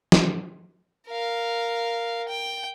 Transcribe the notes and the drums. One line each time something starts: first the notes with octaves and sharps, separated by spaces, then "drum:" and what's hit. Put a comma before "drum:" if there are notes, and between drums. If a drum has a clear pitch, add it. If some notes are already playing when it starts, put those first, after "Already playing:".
drum: snare
A#4 F5
G5